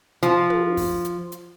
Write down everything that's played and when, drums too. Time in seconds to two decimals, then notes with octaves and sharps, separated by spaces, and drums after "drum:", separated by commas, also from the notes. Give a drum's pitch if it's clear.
0.23 F3, drum: hi-hat
0.50 drum: tom
0.77 drum: kick, open hi-hat
1.05 drum: hi-hat
1.32 drum: hi-hat